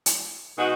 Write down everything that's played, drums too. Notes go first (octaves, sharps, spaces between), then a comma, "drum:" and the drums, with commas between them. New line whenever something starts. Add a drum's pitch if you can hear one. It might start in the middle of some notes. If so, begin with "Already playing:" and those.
drum: hi-hat
B2 G#3 D#4 F#4